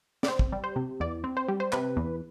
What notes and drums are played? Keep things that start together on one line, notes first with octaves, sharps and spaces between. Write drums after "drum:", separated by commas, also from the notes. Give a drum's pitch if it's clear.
D5, drum: snare
C4 C5
drum: kick
G3
C5
C3
E2 D5
C4
C5
G3
C5
C3 B4, drum: clap
E2